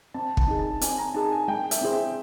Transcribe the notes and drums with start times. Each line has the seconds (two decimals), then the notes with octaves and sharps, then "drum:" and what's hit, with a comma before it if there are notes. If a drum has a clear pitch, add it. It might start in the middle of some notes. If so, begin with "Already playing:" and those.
0.14 C4 A5
0.37 A5, drum: kick
0.48 D#4 G#4
0.59 A5
0.81 C4 G#5, drum: hi-hat
0.98 A#5
1.14 D#4 G#4 A5
1.32 G#5
1.48 G#3 G5
1.71 E5, drum: hi-hat
1.81 C4 E4 G#4 C5
1.92 E5